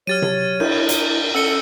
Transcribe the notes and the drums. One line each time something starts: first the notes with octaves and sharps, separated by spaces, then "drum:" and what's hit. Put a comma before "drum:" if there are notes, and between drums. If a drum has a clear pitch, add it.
F#3 G4 C#5 F6 A6 D#7
drum: tom C3
D4 E4 A#4 G6, drum: cymbal
drum: hi-hat
C#4 A4 F#5 E6 C#7 G7